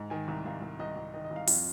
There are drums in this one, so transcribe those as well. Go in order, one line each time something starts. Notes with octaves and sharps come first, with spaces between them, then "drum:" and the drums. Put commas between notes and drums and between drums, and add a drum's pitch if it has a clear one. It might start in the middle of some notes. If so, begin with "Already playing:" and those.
Already playing: G#2
D#3 G#5
C2
C2 F5
C2
C2 D#5
C2
D#3 D#5
D#5
C2
F5
F2 F5, drum: open hi-hat